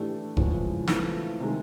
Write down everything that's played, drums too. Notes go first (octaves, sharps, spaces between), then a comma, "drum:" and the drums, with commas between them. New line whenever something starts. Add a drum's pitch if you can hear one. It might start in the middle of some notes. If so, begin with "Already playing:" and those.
Already playing: A2 E3 A3 D4 G4
E2 C#3 F3 G#3 C#4, drum: kick F1
A2 E3 A3 C4 F4, drum: snare
C3 D#3 G#3